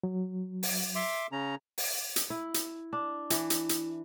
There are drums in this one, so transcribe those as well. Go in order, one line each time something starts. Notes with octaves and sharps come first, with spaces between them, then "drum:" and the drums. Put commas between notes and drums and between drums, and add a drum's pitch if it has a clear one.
F#3
drum: open hi-hat
E5 C6 D6
C#3 C#4 A#5
drum: open hi-hat
drum: hi-hat
E4
drum: hi-hat
D4
E3, drum: hi-hat
drum: hi-hat
drum: hi-hat